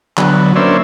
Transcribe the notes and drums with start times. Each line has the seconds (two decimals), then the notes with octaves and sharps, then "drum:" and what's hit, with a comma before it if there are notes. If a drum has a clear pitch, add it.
0.17 D3 F#3 B3, drum: clap
0.56 A#3 C#4 D4 C5 E5